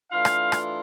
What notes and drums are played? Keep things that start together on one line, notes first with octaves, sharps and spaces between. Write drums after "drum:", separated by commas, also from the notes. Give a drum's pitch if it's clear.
E3 A3 D4 F4 F5
drum: rim click
drum: rim click